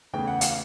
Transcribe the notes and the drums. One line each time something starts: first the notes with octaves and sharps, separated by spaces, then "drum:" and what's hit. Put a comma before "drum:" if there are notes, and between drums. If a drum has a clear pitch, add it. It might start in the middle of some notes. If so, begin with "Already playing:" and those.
E2 C#3 E3 A3 G5
F#5
F5, drum: hi-hat